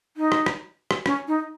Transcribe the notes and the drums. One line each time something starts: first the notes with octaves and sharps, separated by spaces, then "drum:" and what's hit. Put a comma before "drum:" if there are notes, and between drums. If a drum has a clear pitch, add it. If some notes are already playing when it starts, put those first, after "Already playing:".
D#4
drum: rim click
drum: rim click
drum: rim click
C#4, drum: rim click
D#4